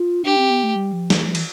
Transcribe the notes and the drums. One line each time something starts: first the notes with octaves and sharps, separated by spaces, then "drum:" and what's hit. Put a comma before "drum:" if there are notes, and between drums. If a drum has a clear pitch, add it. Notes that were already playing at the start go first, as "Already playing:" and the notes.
Already playing: F4
D4 G4
C4
B3
A3
G3
F3
E3, drum: snare
F3
E3, drum: cymbal